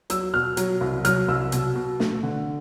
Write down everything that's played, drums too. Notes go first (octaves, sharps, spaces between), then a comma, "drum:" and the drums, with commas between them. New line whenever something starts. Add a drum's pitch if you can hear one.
F#3 E6, drum: hi-hat
B2 F6
F#3, drum: hi-hat
C2
F#3 F6, drum: hi-hat
C2 E6
B2, drum: hi-hat
B2
A3, drum: snare
D3